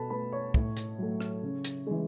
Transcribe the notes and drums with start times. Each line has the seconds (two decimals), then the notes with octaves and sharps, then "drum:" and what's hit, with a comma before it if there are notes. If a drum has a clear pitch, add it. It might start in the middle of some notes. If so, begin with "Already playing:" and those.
Already playing: B2 A4 B4 A5 B5
0.10 A3 B4 B5
0.32 C#5 C#6
0.54 A2, drum: kick
0.77 drum: hi-hat
0.98 F#3 A3
1.20 drum: rim click
1.43 C#3
1.64 drum: hi-hat
1.87 E3 G#3